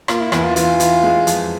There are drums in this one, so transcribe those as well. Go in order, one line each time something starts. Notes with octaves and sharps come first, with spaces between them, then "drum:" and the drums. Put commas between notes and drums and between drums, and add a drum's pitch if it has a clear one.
A#3 F4, drum: rim click
E4
E2 E4, drum: rim click
F4
E3 F4, drum: hi-hat
E3, drum: hi-hat
G#3
F2, drum: hi-hat